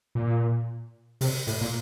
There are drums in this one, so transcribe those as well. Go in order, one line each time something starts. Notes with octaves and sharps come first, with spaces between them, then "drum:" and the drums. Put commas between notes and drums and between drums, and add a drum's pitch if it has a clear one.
A#2
C3, drum: open hi-hat
A2, drum: open hi-hat
A#2